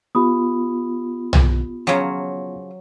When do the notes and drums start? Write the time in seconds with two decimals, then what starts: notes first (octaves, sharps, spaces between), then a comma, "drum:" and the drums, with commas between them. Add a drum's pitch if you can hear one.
0.15 B3 F4 G4 B5 D#6
1.33 drum: tom B1
1.87 C#3 F3 F#3